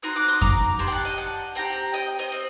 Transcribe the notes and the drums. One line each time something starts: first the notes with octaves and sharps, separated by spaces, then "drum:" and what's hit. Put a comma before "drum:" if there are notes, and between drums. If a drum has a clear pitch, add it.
C4 D#4 F#4 C6 D#6
D6 F#6
C6 D#6
A#5 D6, drum: kick F2
D4 G4 A5 C6
G5
F#5 A5
D#5 G5
F#5 A5
C4 G4 G5 A#5
D#5 G5
C5 D#5
C4